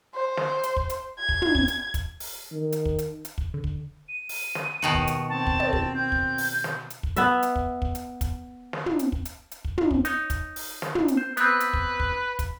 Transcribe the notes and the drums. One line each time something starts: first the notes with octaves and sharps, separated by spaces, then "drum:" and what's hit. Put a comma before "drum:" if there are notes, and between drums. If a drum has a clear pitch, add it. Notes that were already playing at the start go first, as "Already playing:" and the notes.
C5
drum: snare
drum: hi-hat
drum: kick
drum: hi-hat
G#6
drum: kick
drum: tom
drum: kick
drum: hi-hat
drum: kick, hi-hat
drum: open hi-hat
D#3
drum: hi-hat
drum: kick
drum: hi-hat
drum: hi-hat
drum: kick
D3
drum: kick
D#7
drum: open hi-hat
drum: snare
D#2 B2 D#3 F#4
drum: kick
drum: hi-hat
C4 A5
drum: kick
drum: tom
drum: kick
C4 G6
drum: kick
drum: open hi-hat
drum: snare
drum: hi-hat
drum: kick
B3 E5, drum: hi-hat
drum: hi-hat
drum: kick
drum: kick
drum: hi-hat
drum: kick, hi-hat
drum: snare
drum: tom
drum: hi-hat
drum: kick
drum: hi-hat
drum: hi-hat
drum: kick
drum: tom
drum: kick
D#4 C#5, drum: hi-hat
drum: kick, hi-hat
drum: open hi-hat
drum: snare
drum: tom
drum: hi-hat
C5
B3 C4 B4, drum: hi-hat
drum: hi-hat
drum: kick
drum: kick
drum: kick, hi-hat